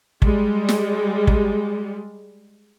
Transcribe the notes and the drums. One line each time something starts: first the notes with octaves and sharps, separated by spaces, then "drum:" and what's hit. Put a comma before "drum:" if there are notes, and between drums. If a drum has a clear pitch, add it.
G3 G#3, drum: kick
drum: snare
drum: kick